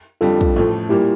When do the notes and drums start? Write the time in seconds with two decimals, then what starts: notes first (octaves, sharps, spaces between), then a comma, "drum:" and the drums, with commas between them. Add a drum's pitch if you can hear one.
0.21 F2 D3 G3 F4 A4
0.41 drum: kick
0.56 A1 A2 F3 A3
0.89 A#2 G3 A#3 E4 G4